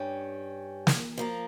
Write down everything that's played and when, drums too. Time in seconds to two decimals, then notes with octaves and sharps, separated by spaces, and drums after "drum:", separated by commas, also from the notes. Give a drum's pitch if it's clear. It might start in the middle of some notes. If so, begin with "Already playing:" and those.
Already playing: G2 G3 C#4
0.87 drum: snare
1.18 F3 A#3 F4